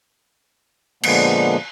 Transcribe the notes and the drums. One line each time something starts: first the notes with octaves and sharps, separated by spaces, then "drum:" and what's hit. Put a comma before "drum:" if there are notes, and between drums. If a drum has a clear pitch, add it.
A#2 D3 F3 G#3 A#3 B3, drum: cymbal